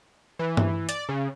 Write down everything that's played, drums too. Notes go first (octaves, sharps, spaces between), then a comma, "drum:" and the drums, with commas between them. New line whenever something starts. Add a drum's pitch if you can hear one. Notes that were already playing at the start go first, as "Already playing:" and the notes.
E3
drum: tom G2
D5, drum: hi-hat
C#3